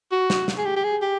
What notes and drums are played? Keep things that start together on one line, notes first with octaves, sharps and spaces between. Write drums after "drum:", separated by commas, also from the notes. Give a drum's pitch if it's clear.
F#4
drum: snare
drum: snare
G#4
G4
G4
G#4
G4